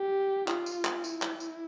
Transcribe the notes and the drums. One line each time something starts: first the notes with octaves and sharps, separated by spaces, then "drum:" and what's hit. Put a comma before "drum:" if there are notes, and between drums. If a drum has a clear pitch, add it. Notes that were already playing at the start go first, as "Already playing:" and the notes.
Already playing: G4
F4, drum: clap
drum: tambourine
drum: clap
E4, drum: tambourine
drum: clap
drum: tambourine